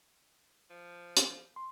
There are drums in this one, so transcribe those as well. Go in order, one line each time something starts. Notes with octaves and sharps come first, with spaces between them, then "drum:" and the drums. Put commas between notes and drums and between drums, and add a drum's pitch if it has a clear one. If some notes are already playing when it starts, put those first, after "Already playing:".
F3
drum: hi-hat
C6